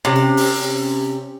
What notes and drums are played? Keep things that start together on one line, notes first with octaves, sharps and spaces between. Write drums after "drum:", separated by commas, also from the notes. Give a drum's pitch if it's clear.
C3 C#4 G4
drum: cymbal
drum: open hi-hat